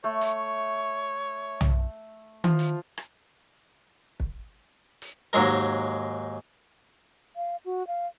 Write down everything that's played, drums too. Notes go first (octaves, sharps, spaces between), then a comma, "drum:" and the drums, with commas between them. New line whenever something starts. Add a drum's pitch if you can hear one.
A3 C#5
drum: hi-hat
drum: tom
F3, drum: tom D#3
drum: hi-hat
drum: rim click
drum: kick
drum: hi-hat
D#2 G#2 F#3 G#3 A#4, drum: hi-hat
F5
F#4
F5